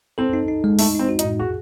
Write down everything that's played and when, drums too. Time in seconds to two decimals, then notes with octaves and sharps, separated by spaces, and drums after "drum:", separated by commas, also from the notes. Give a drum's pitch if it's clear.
0.18 C4 A4
0.33 D#4
0.48 D#4
0.64 G#3
0.79 A3 D#4, drum: open hi-hat
0.95 C4 D#4
1.09 F#4
1.19 D#4, drum: hi-hat
1.25 A2
1.39 F#4 G#4